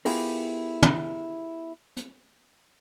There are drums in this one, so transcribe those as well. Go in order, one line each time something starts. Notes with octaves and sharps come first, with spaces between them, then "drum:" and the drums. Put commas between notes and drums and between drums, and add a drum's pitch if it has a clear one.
B3 E4 F4 G4 G#4 A#4, drum: open hi-hat
drum: tom
drum: hi-hat